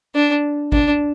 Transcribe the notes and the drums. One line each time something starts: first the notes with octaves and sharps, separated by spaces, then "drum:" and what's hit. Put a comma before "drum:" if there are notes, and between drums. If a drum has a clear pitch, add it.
D4
D4, drum: kick G#1